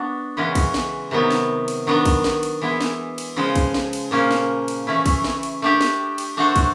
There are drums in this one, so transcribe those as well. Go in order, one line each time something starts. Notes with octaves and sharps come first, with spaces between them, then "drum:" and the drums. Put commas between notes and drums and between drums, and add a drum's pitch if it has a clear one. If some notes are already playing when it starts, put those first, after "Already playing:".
Already playing: B3 D4 F#4 D5
C#3 E3 G#3 C#4 F#4
drum: kick, cymbal
drum: snare
C3 D#3 F#3 B3
drum: snare
drum: cymbal
D#3 F#3 B3 D4
drum: kick, cymbal
drum: snare
drum: cymbal
E3 G#3 B3 E4
drum: snare
drum: cymbal
C#3 F3 G#3
drum: kick, cymbal
drum: snare
drum: cymbal
A#2 F3 A#3 C#4
drum: snare
drum: cymbal
E3 A3 C#4 E4
drum: kick, cymbal
drum: snare
drum: cymbal
A3 D4 G4
drum: snare
drum: cymbal
A3 D4 F#4 A4 C5
drum: kick, cymbal